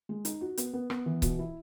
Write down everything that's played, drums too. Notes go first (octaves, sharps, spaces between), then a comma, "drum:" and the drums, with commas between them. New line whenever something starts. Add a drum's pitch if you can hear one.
G#3
D#4, drum: hi-hat
F#4
B3, drum: hi-hat
B3
B3, drum: rim click
E3
B2, drum: kick C#1, hi-hat
E4